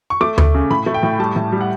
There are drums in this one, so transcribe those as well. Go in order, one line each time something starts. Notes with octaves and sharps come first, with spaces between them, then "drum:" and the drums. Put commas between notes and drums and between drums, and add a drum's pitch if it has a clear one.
C#6
A3 D6
A3, drum: tom D2
C#3
A2 B5
A3
G5
A2
G3 A5
A2
G3
F#5